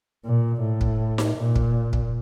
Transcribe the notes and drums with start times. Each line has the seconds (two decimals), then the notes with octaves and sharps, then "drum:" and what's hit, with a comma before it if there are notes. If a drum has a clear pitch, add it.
0.25 A#2
0.62 A2
0.81 drum: kick
1.18 drum: snare D#4
1.36 A#2
1.56 drum: kick
1.93 drum: kick